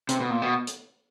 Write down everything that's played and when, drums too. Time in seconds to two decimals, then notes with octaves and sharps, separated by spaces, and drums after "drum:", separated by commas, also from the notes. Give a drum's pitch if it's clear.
0.09 C3, drum: hi-hat
0.20 B2
0.30 A#2
0.42 B2
0.67 drum: hi-hat